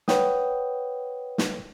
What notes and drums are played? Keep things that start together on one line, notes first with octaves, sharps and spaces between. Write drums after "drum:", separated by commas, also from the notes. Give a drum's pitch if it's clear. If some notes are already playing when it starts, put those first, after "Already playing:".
B4 C#5 F#5 G5 D#6, drum: snare
drum: snare